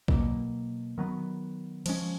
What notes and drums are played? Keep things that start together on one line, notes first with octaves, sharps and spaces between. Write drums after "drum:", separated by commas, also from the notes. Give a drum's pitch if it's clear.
B2 F#3 A#3, drum: kick A#1
D#3 F#3 B3
F3 G#3 C#4, drum: cymbal